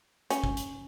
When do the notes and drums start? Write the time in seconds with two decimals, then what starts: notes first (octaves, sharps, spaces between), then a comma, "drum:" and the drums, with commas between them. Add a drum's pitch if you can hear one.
0.30 C#4, drum: hi-hat
0.44 drum: kick
0.57 drum: hi-hat